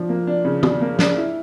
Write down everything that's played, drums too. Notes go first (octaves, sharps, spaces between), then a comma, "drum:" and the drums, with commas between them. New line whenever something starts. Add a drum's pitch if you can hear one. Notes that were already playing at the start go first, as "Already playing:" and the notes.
Already playing: F3 D4
A#3
D4
C#3
D4, drum: tom
A#3
D4, drum: snare
E4